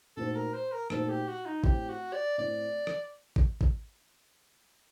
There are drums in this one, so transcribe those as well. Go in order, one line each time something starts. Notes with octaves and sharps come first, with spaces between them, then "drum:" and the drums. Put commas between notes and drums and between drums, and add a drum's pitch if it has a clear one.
A#2 A3 D#4 F#4 A4 C5
A#4
C5
A#4
A#2 A3 D#4 F#4 A4 C5, drum: rim click
G4
F#4
D#4
A2 A3 C4 G4, drum: kick
F#4
D5
A2 A3 C4 D5
drum: rim click
drum: kick
drum: kick